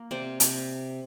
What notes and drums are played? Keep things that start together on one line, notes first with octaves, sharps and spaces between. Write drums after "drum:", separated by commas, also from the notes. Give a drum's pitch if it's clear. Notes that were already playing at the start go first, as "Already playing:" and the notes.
Already playing: A#3
C3 C5 D5
C3, drum: hi-hat